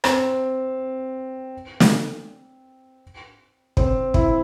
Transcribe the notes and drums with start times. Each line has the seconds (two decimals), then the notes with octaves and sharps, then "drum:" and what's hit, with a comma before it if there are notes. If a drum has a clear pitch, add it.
0.04 C4, drum: rim click
1.80 drum: snare
3.77 C4, drum: kick
4.14 E4, drum: kick